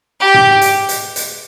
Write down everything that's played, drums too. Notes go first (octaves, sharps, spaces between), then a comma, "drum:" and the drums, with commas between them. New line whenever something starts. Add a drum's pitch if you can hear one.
G4
drum: tom G#2
drum: hi-hat
drum: hi-hat
drum: hi-hat